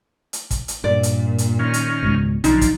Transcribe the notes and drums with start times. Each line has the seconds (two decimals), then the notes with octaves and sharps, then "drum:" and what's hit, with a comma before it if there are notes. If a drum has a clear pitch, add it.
0.33 drum: hi-hat
0.51 drum: kick, hi-hat
0.68 drum: hi-hat
0.84 G2 A#2 D5
1.03 drum: hi-hat
1.38 drum: hi-hat
1.59 D#3 C#4 F6
1.74 drum: hi-hat
2.03 C#2 G#2 B2
2.44 B1 D3 F3 D#4, drum: hi-hat
2.61 drum: kick, hi-hat